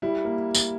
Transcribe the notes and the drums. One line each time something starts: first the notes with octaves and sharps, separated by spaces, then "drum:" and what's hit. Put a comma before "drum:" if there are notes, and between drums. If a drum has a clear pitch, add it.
G3 E4
A#3
drum: tambourine